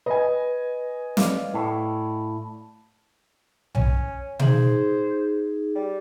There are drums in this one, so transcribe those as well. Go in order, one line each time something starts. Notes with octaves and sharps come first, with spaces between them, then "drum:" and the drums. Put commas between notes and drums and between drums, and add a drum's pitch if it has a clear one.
B4 D#5 G#5
D5 F5, drum: snare
A2
C#4, drum: tom B1
D#4 G#4 C5, drum: tom B2
G3